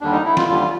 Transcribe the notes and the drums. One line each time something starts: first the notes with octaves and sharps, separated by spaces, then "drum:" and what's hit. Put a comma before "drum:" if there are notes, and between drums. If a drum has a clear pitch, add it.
D#2 D3 G3 D4
D#4
E4
F4, drum: snare
D#2 D3 G3 F4